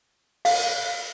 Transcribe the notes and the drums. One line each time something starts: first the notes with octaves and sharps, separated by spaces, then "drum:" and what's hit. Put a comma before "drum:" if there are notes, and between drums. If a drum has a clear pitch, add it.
F5, drum: open hi-hat